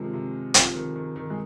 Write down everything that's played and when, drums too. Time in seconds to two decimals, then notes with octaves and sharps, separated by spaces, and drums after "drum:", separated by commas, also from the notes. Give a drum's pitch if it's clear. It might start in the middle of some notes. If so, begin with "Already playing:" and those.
Already playing: C3 D#3 F3 G#3
0.13 C3
0.54 C3 F3, drum: hi-hat
0.75 D#3
0.96 D#3
1.16 D#3
1.30 G#3